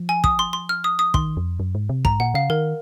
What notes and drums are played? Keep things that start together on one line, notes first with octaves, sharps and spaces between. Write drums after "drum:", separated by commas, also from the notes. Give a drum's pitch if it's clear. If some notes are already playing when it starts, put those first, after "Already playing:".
Already playing: F3
G#5
D#6, drum: kick
C6
C6
F6
D#6
D#6
D#3 C6, drum: kick
F2
F#2
G#2
C3
G#2 A#5, drum: kick
A#2 F#5
C#3 F5
D#3 A#4